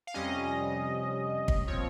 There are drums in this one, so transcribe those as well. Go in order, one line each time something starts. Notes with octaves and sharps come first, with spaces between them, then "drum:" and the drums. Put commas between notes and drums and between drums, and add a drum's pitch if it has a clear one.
F5
F2 C3 G3 C#4 D#5
drum: kick
A#2 F3 C4 C#5